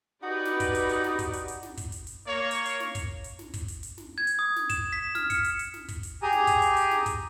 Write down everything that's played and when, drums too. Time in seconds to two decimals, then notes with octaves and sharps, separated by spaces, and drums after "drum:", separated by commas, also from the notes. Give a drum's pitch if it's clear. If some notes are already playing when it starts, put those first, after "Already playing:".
0.23 D#4 F#4 G4 B4 D5
0.45 drum: snare
0.60 drum: kick, hi-hat
0.75 drum: hi-hat
0.89 drum: hi-hat
1.04 drum: snare
1.19 drum: kick, hi-hat
1.33 drum: hi-hat
1.48 drum: hi-hat
1.63 drum: snare
1.77 drum: kick, hi-hat
1.92 drum: hi-hat
2.07 drum: hi-hat
2.27 A#3 C#5
2.51 drum: hi-hat
2.65 drum: hi-hat
2.80 drum: snare
2.95 drum: kick, hi-hat
3.24 drum: hi-hat
3.39 drum: snare
3.54 drum: kick, hi-hat
3.68 drum: hi-hat
3.83 drum: hi-hat
3.98 drum: snare
4.18 G#6
4.27 drum: hi-hat
4.39 D#6
4.56 drum: snare
4.70 E7, drum: kick, hi-hat
4.93 B6
5.15 F6, drum: snare
5.30 C#7, drum: kick, hi-hat
5.44 drum: hi-hat
5.59 drum: hi-hat
5.74 drum: snare
5.88 drum: kick, hi-hat
6.03 drum: hi-hat
6.22 G4 G#4 G#5 A#5 D#6
6.32 drum: snare
6.47 drum: kick, hi-hat
6.62 drum: hi-hat
6.77 drum: hi-hat
6.91 drum: snare
7.06 drum: kick, hi-hat